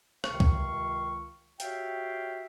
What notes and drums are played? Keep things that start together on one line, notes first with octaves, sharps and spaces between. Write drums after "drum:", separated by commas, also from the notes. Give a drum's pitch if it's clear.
C#2 C3 D#3 F5 C#6, drum: rim click
drum: kick C2
F#4 G4 C#5 E5 F5 G5, drum: hi-hat